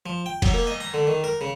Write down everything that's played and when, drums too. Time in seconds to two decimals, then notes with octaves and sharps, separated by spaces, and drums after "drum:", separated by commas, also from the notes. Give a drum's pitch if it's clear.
0.06 F3
0.26 G5
0.42 F#3, drum: kick F1, cymbal
0.54 A#3
0.67 D#5
0.80 A#5
0.94 D3
1.07 D#3
1.24 A#4
1.41 C#3